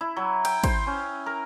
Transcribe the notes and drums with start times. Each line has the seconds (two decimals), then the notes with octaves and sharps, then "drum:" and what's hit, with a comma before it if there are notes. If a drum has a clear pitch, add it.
0.01 E4
0.17 F#3
0.45 G5, drum: cymbal
0.64 C5, drum: kick, cymbal
0.87 C#4
1.26 A#4